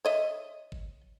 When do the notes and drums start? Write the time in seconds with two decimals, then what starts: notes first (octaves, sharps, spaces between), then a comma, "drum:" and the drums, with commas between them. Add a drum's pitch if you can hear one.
0.05 C#5 D#5 E5
0.72 drum: kick G1